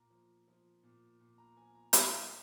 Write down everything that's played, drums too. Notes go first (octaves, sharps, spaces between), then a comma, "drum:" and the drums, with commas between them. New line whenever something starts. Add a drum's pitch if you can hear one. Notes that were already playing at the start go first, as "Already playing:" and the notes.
Already playing: A#2 A#5
F3
F3
A#2
A#2
A#5
F3 G#5
A#5
F3 B5, drum: hi-hat